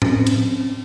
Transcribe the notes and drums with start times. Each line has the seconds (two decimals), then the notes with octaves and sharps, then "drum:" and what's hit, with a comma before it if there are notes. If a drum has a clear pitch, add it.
0.02 C4 C#4, drum: tom A2
0.26 drum: cymbal